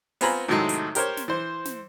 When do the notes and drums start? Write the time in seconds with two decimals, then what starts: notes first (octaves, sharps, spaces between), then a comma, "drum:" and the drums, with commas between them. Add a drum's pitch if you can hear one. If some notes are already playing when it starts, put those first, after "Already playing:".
0.21 B3 C4 F4 G#5 A#5 B5, drum: open hi-hat
0.48 A2 C3 D#3 F#3 G#3 A3
0.69 drum: hi-hat
0.95 G4 A#4 C5 C#5, drum: hi-hat
1.17 drum: snare
1.28 E3 C5
1.65 drum: snare